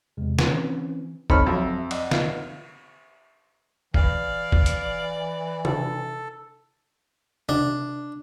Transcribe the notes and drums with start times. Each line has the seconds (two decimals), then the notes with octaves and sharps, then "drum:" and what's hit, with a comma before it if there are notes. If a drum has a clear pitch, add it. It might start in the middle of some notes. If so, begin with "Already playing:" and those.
0.17 E2 C3 G#3
0.39 E3 C4 C#4, drum: snare
1.30 C4 D#4 A4 C#5 B5 F6, drum: kick F#1
1.46 F2 F#3 E5
1.91 D5 D#5 F#5, drum: cymbal
2.11 F5, drum: snare
3.94 E3 D5 F5, drum: kick F#1
4.52 drum: kick F#1
4.66 drum: hi-hat
5.65 A4, drum: tom C3
7.49 D4, drum: tom C3